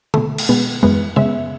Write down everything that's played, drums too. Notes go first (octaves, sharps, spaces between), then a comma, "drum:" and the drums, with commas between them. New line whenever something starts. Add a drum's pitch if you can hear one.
B2 A3, drum: tom D3
drum: cymbal
B2 G#3 B3
F#2 E3 G#3 B3
C#3 G#3 B3 E5